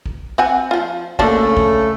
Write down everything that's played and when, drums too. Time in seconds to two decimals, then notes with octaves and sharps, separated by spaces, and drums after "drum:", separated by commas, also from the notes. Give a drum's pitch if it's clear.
0.06 drum: kick
0.38 C4 F#5 G#5
0.71 F3 F4
1.19 C#3 A3 A#3 D4 A5, drum: kick
1.57 drum: kick